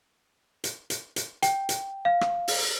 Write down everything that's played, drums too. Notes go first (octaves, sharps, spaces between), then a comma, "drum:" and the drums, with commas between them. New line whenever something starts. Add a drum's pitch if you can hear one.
drum: hi-hat
drum: hi-hat
drum: hi-hat
G5, drum: hi-hat
drum: hi-hat
F5
drum: rim click
drum: open hi-hat